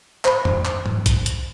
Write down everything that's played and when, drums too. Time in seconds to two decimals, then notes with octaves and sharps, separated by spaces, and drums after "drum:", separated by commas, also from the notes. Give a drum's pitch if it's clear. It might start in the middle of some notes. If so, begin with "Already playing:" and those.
0.25 C5 B5, drum: clap
0.45 drum: tom
0.65 drum: clap
0.86 drum: tom G#2
1.06 drum: kick, hi-hat
1.26 drum: hi-hat